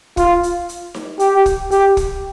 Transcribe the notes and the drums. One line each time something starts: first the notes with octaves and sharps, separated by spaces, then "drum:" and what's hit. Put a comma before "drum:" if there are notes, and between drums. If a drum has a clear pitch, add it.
F4, drum: kick, hi-hat
drum: hi-hat
drum: hi-hat
drum: snare D#4
G4, drum: hi-hat
drum: kick, hi-hat
G4, drum: hi-hat
drum: kick, hi-hat